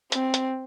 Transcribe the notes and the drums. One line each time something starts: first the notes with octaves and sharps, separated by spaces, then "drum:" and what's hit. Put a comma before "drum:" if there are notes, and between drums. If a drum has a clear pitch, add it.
C4, drum: hi-hat
drum: hi-hat